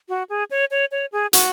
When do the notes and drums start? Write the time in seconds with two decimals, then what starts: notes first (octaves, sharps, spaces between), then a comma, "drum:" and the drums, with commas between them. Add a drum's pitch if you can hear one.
0.09 F#4
0.29 G#4
0.51 C#5
0.71 C#5
0.92 C#5
1.12 G#4
1.33 F#4, drum: hi-hat